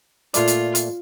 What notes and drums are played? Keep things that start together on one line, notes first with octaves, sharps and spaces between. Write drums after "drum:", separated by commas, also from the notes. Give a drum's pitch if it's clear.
A#2 A3 F4 D5, drum: hi-hat
drum: hi-hat
drum: hi-hat